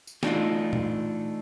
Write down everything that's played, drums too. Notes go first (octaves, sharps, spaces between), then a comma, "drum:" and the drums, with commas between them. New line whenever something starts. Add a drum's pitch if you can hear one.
drum: tambourine
E3 A3 D4 D#4 F4, drum: snare
drum: tom